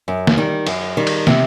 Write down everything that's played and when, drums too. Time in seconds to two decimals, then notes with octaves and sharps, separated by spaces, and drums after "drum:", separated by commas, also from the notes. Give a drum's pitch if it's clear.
0.08 F#2
0.27 drum: snare
0.37 D#3 G3
0.67 F#2, drum: cymbal
0.97 D#3 G3
1.07 drum: cymbal
1.27 C3, drum: snare